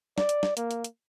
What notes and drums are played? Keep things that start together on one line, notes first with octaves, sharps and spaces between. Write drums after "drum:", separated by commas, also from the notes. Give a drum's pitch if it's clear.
D5, drum: snare
drum: hi-hat
drum: snare
A#3, drum: hi-hat
drum: hi-hat
drum: hi-hat